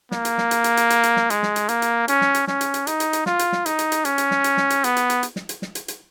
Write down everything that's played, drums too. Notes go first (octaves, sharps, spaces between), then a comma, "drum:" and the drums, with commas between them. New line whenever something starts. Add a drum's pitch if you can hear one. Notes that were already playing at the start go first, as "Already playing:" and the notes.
A#3, drum: snare
drum: hi-hat
drum: snare
drum: hi-hat
drum: hi-hat
drum: hi-hat
drum: hi-hat
drum: hi-hat
drum: snare
G#3, drum: hi-hat
drum: snare
drum: hi-hat
A#3, drum: hi-hat
drum: hi-hat
C#4, drum: hi-hat
drum: snare
drum: hi-hat
C#4, drum: snare
drum: hi-hat
drum: hi-hat
D#4, drum: hi-hat
drum: hi-hat
drum: hi-hat
F4, drum: snare
drum: hi-hat
drum: snare
D#4, drum: hi-hat
drum: hi-hat
drum: hi-hat
C#4, drum: hi-hat
drum: hi-hat
drum: snare
drum: hi-hat
drum: snare
drum: hi-hat
B3, drum: hi-hat
drum: hi-hat
drum: hi-hat
drum: hi-hat
drum: snare
drum: hi-hat
drum: snare
drum: hi-hat
drum: hi-hat